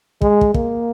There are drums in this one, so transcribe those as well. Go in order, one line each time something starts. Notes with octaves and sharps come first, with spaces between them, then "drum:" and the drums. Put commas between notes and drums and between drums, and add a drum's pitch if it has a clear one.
G#3, drum: kick
drum: kick
A#3, drum: kick